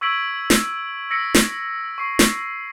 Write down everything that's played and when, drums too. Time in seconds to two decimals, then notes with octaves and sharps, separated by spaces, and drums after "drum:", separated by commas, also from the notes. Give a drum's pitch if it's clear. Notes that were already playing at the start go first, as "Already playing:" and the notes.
0.01 C#6 E6 G#6 B6 D7 F#7
0.50 drum: snare
1.10 E6 A#6 B6 C#7 D7
1.34 drum: snare
1.98 C#6 C7
2.19 drum: snare